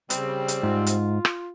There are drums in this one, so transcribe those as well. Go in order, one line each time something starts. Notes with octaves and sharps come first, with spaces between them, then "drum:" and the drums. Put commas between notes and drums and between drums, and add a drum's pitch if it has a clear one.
C#3 G3 C4, drum: hi-hat
drum: hi-hat
G#2 F4
drum: hi-hat
drum: rim click